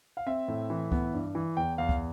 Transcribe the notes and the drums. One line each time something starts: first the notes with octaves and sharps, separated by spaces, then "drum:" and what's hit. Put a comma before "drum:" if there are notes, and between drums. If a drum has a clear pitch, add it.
F5
C4 E5
A2
E3
B3, drum: kick C#2
G2
E3
E2 G5
E2 F5
drum: kick C#2